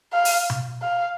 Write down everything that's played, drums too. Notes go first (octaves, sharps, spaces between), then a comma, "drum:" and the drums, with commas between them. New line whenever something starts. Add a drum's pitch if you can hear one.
F5
drum: open hi-hat
drum: tom B2
F5